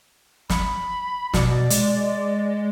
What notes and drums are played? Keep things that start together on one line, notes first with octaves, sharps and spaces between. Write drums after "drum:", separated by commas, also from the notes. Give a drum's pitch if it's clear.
B5, drum: snare
B2 D5, drum: snare
G#3, drum: hi-hat